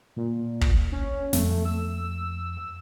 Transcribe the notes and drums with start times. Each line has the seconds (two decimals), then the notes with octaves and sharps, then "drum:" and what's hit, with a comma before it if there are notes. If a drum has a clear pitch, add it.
0.16 A#2
0.61 drum: kick
0.92 C#4
1.33 F2 A3, drum: snare
1.65 E6